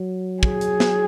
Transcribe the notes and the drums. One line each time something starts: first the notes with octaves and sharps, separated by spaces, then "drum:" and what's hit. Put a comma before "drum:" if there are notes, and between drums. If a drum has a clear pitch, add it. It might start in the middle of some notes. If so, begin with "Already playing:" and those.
Already playing: F#3
G#4, drum: kick
drum: hi-hat
drum: snare